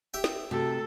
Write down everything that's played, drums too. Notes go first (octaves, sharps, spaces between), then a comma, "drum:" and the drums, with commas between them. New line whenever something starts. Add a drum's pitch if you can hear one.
G4 E5 G5
drum: snare
C3 A3 F#4 A4